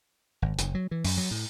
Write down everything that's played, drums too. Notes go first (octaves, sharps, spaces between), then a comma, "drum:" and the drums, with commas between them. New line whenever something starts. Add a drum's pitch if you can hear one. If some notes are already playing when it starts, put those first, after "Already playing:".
G#1
F#1, drum: hi-hat
F#3
E3
F#2, drum: open hi-hat
F#3
A2